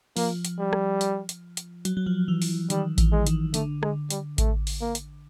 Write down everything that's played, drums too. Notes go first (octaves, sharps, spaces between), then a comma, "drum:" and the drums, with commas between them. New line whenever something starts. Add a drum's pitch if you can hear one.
F3 A#3, drum: open hi-hat
drum: hi-hat
G3
drum: rim click
drum: hi-hat
drum: hi-hat
drum: hi-hat
F#3, drum: hi-hat
F#3
F3
E3
drum: open hi-hat
D#3 G3, drum: hi-hat
E3, drum: kick A1, hi-hat
G#3
D#3, drum: hi-hat
D3 A3, drum: hi-hat
G#3, drum: rim click
G3, drum: hi-hat
A3, drum: kick A1, hi-hat
drum: open hi-hat
A#3
drum: hi-hat